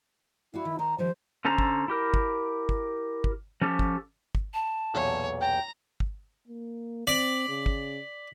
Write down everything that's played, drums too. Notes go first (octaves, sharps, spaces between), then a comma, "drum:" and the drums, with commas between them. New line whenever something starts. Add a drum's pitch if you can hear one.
E4 F#4 D5 F5
D#3
D#3 C5 A#5
D#3 F3 G3 C5
D3 C#4 A4 C5 A#5
drum: kick
E4 G4 A#4
drum: kick
drum: kick
drum: kick
F3 C#4 G4 A4
drum: kick
drum: kick
A5
B1 E2 A#2 C#5
G5 A#5
drum: kick
A#3
C4 D5 B6 F#7
C#3
drum: kick